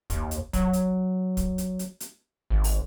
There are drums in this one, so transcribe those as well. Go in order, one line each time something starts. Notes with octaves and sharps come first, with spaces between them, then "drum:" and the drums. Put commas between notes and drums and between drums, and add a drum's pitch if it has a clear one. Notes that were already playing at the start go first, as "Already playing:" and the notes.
D#2, drum: kick, hi-hat
drum: hi-hat
F#3, drum: kick, hi-hat
drum: hi-hat
drum: kick, hi-hat
drum: hi-hat
drum: hi-hat
drum: hi-hat
G#1
drum: open hi-hat